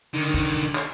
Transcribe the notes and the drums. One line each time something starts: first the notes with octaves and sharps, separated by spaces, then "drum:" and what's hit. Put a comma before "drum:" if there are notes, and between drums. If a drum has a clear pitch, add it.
D3 D#3
drum: kick
drum: clap